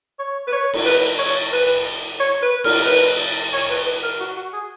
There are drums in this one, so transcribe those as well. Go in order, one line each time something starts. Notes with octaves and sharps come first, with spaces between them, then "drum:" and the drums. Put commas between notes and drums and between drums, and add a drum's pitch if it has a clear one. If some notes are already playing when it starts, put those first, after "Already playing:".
C#5
B4
C#5
drum: cymbal
B4
C#5
B4
C#5
B4
A#4, drum: cymbal
B4
C#5
B4
B4
A#4
F#4
F#4
G#4